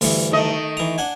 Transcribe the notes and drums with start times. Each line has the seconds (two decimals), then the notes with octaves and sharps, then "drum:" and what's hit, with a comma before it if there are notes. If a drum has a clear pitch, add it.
0.01 D2 G2 E3, drum: open hi-hat
0.31 D#3 A3 D#5
0.77 E3 A#5
0.98 D4 F#5 G#5